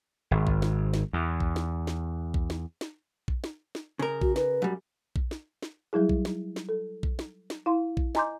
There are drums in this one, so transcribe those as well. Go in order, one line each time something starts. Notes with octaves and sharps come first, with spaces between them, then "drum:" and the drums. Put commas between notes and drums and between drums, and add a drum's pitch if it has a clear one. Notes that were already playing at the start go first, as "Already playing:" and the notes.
G#1
drum: kick A#1
drum: snare
drum: snare
E2
drum: kick A#1
drum: snare
drum: snare
drum: kick A#1
drum: snare
drum: snare
drum: kick A#1
drum: snare
drum: snare
C#3 A#4
F#4, drum: kick A#1
B4, drum: snare
F#2 G3
drum: kick A#1
drum: snare
drum: snare
F#3 G3 E4 G#4
drum: kick A#1
drum: snare
drum: snare
A4
drum: kick A#1
drum: snare
drum: snare
E4 F5 C6
drum: kick A#1
D#5 G#5 A#5 C6 D6 G6, drum: snare